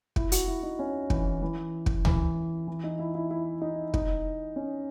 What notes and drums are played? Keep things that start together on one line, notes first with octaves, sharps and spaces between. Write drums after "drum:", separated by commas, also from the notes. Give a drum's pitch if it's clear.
E4, drum: kick
F#4, drum: hi-hat
E4
D#4
C#4
E3, drum: kick
E3
drum: kick
E3, drum: tom C#2
E3
D#4
E4
E4
E4
D#4
D#4, drum: kick
C#4